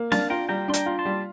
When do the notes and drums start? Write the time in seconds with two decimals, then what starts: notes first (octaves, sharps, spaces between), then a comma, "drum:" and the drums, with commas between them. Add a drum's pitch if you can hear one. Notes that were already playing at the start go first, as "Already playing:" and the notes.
Already playing: A#3
0.12 D4 F5 A5, drum: snare
0.30 F4 G5 A#5
0.49 G3 G5 A#5
0.68 D4 C6
0.74 G5 A#5, drum: hi-hat
0.86 F4
0.99 A5 C6
1.05 G3